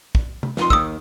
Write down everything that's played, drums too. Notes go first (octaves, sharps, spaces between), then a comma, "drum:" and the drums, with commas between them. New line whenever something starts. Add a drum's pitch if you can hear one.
drum: kick
drum: tom C3
F2 D#4 C6, drum: snare
D#2 D#3 D#6 E6, drum: kick